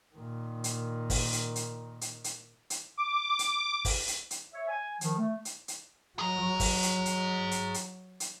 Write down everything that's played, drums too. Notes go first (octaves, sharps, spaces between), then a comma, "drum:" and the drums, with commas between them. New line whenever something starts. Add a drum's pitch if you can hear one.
A#2 D#3
drum: hi-hat
drum: kick, open hi-hat
drum: hi-hat
drum: hi-hat
drum: hi-hat
drum: hi-hat
drum: hi-hat
D6
drum: hi-hat
drum: kick, open hi-hat
drum: hi-hat
drum: hi-hat
C#5 E5
G#5
D#3 F3, drum: hi-hat
A3
drum: hi-hat
drum: hi-hat
F#3 G#4 A#5
drum: kick, open hi-hat
drum: hi-hat
drum: hi-hat
drum: hi-hat
drum: hi-hat
drum: hi-hat